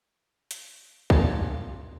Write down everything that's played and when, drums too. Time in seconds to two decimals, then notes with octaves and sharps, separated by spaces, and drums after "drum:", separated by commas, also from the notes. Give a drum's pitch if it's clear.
0.51 drum: hi-hat
1.10 F4 G#5 A5, drum: kick